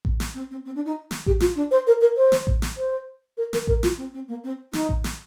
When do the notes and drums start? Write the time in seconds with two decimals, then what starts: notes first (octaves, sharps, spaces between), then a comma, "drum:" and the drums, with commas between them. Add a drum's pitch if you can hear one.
0.05 drum: kick A1
0.20 drum: snare
0.34 C4
0.51 C4
0.65 C4
0.75 D4
0.85 D#4
1.11 drum: snare
1.26 G4, drum: kick A1
1.40 F4, drum: snare
1.56 D4
1.71 C5
1.87 A#4
2.01 A#4
2.17 C5
2.32 drum: snare
2.47 drum: kick A1
2.62 drum: snare
2.77 C5
3.37 A#4
3.53 A#4, drum: snare
3.67 A#4, drum: kick A1
3.83 F4, drum: snare
3.98 C4
4.14 C4
4.28 A#3
4.44 C4
4.73 D#4, drum: snare
4.89 drum: kick A1
5.04 drum: snare